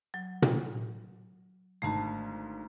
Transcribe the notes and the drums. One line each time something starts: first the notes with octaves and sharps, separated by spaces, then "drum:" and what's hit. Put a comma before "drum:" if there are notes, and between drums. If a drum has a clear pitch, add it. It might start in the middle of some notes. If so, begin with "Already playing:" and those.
F#3
drum: tom A#2
G#1 G#2 D3 A3 A5